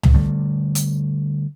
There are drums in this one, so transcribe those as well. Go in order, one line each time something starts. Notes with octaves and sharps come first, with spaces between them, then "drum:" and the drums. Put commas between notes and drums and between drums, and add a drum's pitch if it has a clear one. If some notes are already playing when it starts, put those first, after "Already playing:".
drum: tom C#2
D3 G3 A3
drum: hi-hat